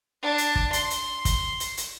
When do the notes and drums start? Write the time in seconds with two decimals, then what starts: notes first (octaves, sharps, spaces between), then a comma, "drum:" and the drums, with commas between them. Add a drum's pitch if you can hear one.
0.22 D4
0.38 drum: hi-hat
0.55 drum: kick
0.73 C6, drum: hi-hat
0.90 drum: hi-hat
1.25 drum: kick, hi-hat
1.60 drum: hi-hat
1.77 drum: hi-hat